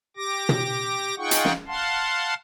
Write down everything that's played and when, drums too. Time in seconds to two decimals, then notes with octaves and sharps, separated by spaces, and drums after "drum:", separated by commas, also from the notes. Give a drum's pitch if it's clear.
0.17 G4 D6 A#6
0.49 drum: tom
1.17 D#4 F4 G#4 F#5 G5 C#6
1.31 drum: hi-hat
1.45 drum: snare
1.67 F5 F#5 A5 C6